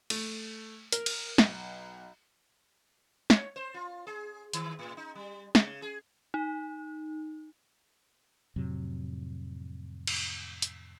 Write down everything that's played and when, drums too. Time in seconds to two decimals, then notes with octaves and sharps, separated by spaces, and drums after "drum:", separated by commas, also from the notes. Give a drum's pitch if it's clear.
0.10 A3, drum: cymbal
0.92 A#4, drum: hi-hat
1.06 drum: cymbal
1.38 B1, drum: snare
3.30 C#5, drum: snare
3.56 C5
3.74 F4
4.07 G#4
4.53 D#3, drum: hi-hat
4.79 A2
4.97 D#4
5.15 G3
5.55 C#3, drum: snare
5.82 G#4
6.34 D#4
8.56 F2 A2 C3 F#3
10.07 drum: cymbal
10.62 drum: hi-hat